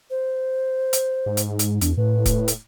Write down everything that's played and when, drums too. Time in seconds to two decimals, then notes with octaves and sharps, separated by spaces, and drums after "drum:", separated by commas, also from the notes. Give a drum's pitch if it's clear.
0.10 C5
0.93 drum: hi-hat
1.26 G#2
1.37 drum: hi-hat
1.59 drum: hi-hat
1.81 E2 D4, drum: hi-hat
1.97 A2 B4
2.26 drum: kick, hi-hat
2.48 drum: hi-hat